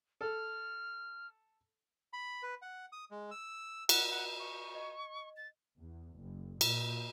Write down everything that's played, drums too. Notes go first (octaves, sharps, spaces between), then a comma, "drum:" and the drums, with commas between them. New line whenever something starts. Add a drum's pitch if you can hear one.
A4 F6
B5
B4
F#5
D#6
G#3
E6
F#5, drum: cymbal
F#5
C#6
D#5
A6
E2
F#1
A#2, drum: cymbal